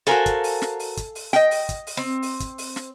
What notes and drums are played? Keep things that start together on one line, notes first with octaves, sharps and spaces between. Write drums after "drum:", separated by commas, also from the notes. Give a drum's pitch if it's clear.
F#4 A4 A#4 C5 F5 G#5
drum: kick, hi-hat
drum: open hi-hat
drum: snare
drum: open hi-hat
drum: kick, hi-hat
drum: open hi-hat
D#5 G5, drum: snare
drum: open hi-hat
drum: kick, hi-hat
drum: open hi-hat
C4
drum: open hi-hat
drum: kick, hi-hat
drum: open hi-hat
drum: snare